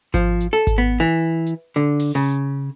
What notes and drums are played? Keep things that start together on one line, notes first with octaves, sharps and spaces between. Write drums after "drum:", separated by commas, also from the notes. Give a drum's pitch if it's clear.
F3, drum: kick G#1, hi-hat
drum: hi-hat
A4
drum: kick G#1, hi-hat
B3
E3
drum: hi-hat
D3
drum: open hi-hat
C#3